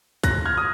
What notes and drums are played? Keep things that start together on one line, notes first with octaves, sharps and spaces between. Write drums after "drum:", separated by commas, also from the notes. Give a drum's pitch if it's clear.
F#6 A#6, drum: kick, hi-hat
F6 G#6
D#6